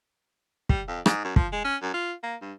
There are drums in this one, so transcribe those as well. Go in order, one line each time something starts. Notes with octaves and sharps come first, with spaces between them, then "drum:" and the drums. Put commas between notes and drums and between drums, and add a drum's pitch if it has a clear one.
G3, drum: kick
F2
G#2, drum: rim click
F#2
F3, drum: kick
G#3
C#4
F#2
F4
A#3
G2